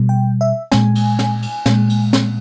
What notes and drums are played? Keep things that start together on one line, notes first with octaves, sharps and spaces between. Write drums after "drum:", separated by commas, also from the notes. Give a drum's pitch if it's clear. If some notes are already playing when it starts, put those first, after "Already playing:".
Already playing: B2 G3
G5
E5
A#2 G#3 G#5, drum: snare
drum: cymbal
drum: snare
drum: cymbal
A#2 G#3, drum: snare
drum: cymbal
drum: snare